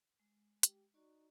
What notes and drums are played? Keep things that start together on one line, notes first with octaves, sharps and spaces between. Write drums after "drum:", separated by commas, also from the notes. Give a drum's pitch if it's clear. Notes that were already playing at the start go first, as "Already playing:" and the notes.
G#3
G4, drum: hi-hat
D#4 F#4 D5 C#6